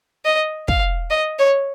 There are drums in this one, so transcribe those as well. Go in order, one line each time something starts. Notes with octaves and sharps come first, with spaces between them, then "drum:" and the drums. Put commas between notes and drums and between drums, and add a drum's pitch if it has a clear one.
D#5
F5, drum: kick
D#5
C#5